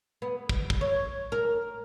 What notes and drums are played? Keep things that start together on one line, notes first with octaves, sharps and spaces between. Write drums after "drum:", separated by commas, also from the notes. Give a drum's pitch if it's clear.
B3
drum: kick
drum: kick
C#5
A#4